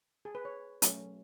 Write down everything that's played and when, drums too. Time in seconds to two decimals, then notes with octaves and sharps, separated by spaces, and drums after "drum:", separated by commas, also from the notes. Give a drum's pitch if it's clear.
0.25 G#4
0.35 B4
0.45 C#5
0.82 F#3 A3 C#4, drum: hi-hat